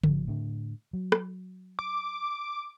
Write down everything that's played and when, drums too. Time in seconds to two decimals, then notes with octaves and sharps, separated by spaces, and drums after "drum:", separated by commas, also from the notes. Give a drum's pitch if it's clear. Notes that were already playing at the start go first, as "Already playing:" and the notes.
0.04 G#1 F3, drum: tom C#3
0.28 A2 D3
0.93 F#3
1.12 drum: rim click
1.79 D6